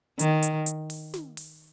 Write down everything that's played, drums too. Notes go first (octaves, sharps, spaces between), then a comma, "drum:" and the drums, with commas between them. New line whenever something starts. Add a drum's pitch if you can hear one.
D#3, drum: hi-hat
drum: hi-hat
drum: hi-hat
drum: open hi-hat
drum: snare
drum: open hi-hat